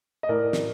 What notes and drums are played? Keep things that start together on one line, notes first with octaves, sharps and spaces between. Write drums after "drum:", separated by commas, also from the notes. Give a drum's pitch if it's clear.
D#5
A2 A#4 D5
drum: snare